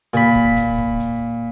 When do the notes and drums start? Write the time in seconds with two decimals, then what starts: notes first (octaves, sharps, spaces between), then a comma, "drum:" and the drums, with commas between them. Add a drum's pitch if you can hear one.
0.14 A#2 B5, drum: hi-hat
0.35 drum: kick
0.57 drum: kick, hi-hat
0.78 drum: kick
1.00 drum: hi-hat